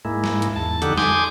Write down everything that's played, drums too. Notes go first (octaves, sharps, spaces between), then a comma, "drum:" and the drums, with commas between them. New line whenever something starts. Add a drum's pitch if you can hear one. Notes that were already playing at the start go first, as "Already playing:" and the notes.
G#2 G#3 A#3 E4
drum: snare
drum: hi-hat
E2 A5
F2 D3 D#4 G4 A4 F#5, drum: hi-hat
G#5 C6 D6 D#6 G6, drum: snare